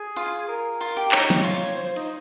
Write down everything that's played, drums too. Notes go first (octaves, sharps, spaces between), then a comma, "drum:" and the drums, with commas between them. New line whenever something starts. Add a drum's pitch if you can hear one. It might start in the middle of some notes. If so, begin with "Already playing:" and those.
Already playing: G#4
F4
A#4
F4, drum: open hi-hat
G4
D#4 C#5, drum: clap
drum: snare
F4
C5
C5
D#4, drum: cymbal